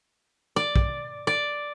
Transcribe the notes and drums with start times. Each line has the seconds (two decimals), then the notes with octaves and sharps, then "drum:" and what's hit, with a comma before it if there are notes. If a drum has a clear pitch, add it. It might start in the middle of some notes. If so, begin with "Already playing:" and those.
0.56 D5
0.76 drum: kick
1.27 D5